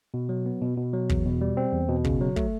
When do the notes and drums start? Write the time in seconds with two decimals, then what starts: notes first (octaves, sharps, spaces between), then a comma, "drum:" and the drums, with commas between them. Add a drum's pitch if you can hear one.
0.14 B2
0.29 F#3
0.46 B3
0.62 B2
0.77 B2
0.93 F#3
1.09 E2, drum: kick
1.26 B2
1.41 G3
1.57 C4
1.73 E2
1.89 B2
2.04 C#3, drum: kick
2.21 F#3
2.36 A3, drum: kick